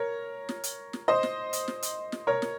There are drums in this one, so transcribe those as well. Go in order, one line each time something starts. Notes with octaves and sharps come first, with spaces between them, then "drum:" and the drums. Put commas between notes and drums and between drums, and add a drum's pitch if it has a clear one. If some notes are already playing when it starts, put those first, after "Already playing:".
Already playing: A#4 C#5
drum: snare
drum: hi-hat
drum: snare
C5 D#5
drum: snare
drum: hi-hat
drum: snare
drum: hi-hat
drum: snare
A#4 C#5
drum: snare